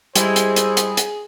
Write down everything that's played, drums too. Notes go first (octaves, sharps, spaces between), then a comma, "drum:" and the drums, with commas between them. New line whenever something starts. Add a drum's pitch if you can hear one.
G3 G#3 E4 G#4 C5, drum: hi-hat
drum: hi-hat
drum: hi-hat
drum: hi-hat
drum: hi-hat